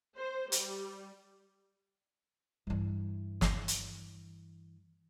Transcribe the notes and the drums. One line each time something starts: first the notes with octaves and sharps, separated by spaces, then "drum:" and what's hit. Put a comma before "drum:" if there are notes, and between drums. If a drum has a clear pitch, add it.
C5
G3, drum: hi-hat
G2 E3
drum: snare
drum: hi-hat